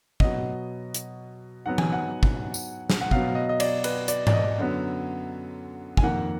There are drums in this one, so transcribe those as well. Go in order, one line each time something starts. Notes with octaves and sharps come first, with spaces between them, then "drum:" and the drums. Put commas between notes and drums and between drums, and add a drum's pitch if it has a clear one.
B2 F#3 B3 D#5, drum: kick
drum: hi-hat
G#2 F#3 B3 F#5
G#5, drum: tom E3
F#5
drum: kick
drum: tambourine
drum: snare
F#5
B2 F#3 B3 F5, drum: kick
D#5
D#5
D5, drum: cymbal
B4, drum: cymbal
D5, drum: hi-hat
D5, drum: tom G#2
D#5
F#2 D3 F#3 B3
G#5, drum: kick
F2 D#3 A#3 F#5